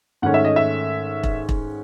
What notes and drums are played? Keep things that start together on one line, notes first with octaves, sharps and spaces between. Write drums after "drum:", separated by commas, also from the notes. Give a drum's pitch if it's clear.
G#2 D#3 A3 C#4 F#5
E5
D#5
E5
drum: kick E1
drum: kick E1